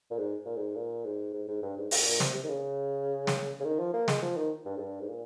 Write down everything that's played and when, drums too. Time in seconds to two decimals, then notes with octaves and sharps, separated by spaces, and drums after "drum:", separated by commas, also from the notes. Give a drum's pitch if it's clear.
0.11 A#2
0.18 G#2
0.45 A#2
0.56 G#2
0.76 A#2
1.05 G#2
1.34 G#2
1.48 G#2
1.62 G2
1.77 G#2
1.91 A#2, drum: open hi-hat
2.06 A#2
2.20 C3, drum: snare
2.35 C3
2.44 D#3
2.49 C#3
3.27 drum: snare
3.60 C#3
3.65 D#3
3.79 F3
3.93 A#3
4.08 G#3, drum: snare
4.22 F3
4.37 D#3
4.65 G2
4.76 G#2
4.80 G2
5.00 G#2
5.09 A#2